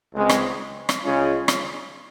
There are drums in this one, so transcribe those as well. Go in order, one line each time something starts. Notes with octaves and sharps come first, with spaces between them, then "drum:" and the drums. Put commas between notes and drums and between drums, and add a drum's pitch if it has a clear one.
C#2 C#3 G#3 C4
drum: rim click
drum: rim click
C#2 C#3 G#3 C#4 F4
drum: rim click